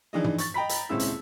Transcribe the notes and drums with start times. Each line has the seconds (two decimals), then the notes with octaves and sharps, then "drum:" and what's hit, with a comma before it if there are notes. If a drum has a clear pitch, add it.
0.13 E3 F3 D4 D#4 G#4 D#5
0.24 drum: tom
0.38 C#6 A6, drum: hi-hat
0.54 D#5 G5 A#5 B5 B6
0.69 drum: hi-hat
0.89 D#1 C#2 C4 C#4 E4 E6
1.00 drum: hi-hat